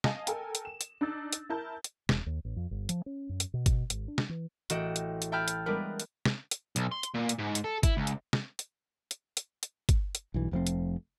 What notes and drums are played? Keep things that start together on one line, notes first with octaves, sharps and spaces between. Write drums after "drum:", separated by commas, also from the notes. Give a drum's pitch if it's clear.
D#5 F5 G#5 A5, drum: snare
A4 A#4 G5 G#5, drum: hi-hat
drum: hi-hat
E7
drum: hi-hat
D4 D#4 E6 A6
drum: hi-hat
E4 A#4 A5 G6
drum: hi-hat
E1, drum: snare
D#2
A1
F2
G1
F3, drum: hi-hat
C#4
F#2
drum: hi-hat
B2
drum: kick, hi-hat
G#1, drum: hi-hat
D4
drum: snare
E3
A1 F#4 D#5 G5 E7, drum: hi-hat
drum: hi-hat
drum: hi-hat
E5 G5 A5 B5 F6 G6
drum: hi-hat
G3 G#3 B3 D4 A#4 B4
drum: hi-hat
drum: snare
drum: hi-hat
B1, drum: hi-hat
C6
drum: hi-hat
A#2
drum: hi-hat
G#2
drum: hi-hat
A4
E4, drum: kick, hi-hat
C#2
drum: hi-hat
drum: snare
drum: hi-hat
drum: hi-hat
drum: hi-hat
drum: hi-hat
drum: kick, hi-hat
drum: hi-hat
B1 G2 E3
F1 F3 A3 C4
drum: hi-hat